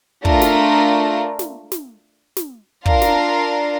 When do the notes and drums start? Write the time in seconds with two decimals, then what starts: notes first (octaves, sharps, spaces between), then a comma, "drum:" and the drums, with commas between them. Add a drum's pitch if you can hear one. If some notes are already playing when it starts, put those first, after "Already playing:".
0.25 A3 D4 F4 A#4, drum: kick
0.42 drum: snare
1.39 drum: snare
1.72 drum: snare
2.37 drum: snare
2.86 D4 F4 A#4 F5, drum: kick
3.02 drum: snare